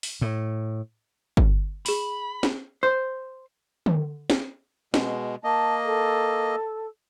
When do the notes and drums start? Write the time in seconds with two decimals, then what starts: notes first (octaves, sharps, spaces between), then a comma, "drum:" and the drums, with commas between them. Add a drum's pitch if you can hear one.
0.03 drum: open hi-hat
0.21 A2
1.37 drum: kick G1
1.86 G#4 B5 F#7, drum: open hi-hat
2.43 drum: snare
2.83 C5
3.86 drum: tom
4.30 drum: snare
4.94 B2 G#3, drum: snare
5.44 A#3 D#5 A5
5.85 A4